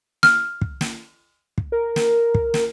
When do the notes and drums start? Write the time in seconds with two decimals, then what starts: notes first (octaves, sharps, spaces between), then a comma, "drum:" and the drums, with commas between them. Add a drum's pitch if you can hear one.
0.23 F6, drum: snare
0.61 drum: kick
0.81 drum: snare
1.58 drum: kick
1.72 A#4
1.96 drum: snare
2.35 drum: kick
2.54 drum: snare